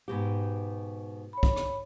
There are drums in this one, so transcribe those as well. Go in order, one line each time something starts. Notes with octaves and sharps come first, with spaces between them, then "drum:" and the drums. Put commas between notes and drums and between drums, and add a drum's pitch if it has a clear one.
G#2 B2 G4
C#5 B5
drum: kick
drum: rim click